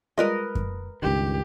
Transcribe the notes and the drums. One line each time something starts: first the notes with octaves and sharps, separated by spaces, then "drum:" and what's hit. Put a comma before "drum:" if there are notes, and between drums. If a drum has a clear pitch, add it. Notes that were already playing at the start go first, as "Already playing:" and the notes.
G3 G#3 F4 A#4 B4 D#5
drum: kick F#2
C#2 G2 D#3 G4